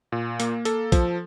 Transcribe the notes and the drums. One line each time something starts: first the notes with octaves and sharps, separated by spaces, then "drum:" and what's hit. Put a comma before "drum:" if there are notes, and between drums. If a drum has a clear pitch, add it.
A#2
A#3, drum: hi-hat
A4, drum: hi-hat
F3, drum: kick A#1, hi-hat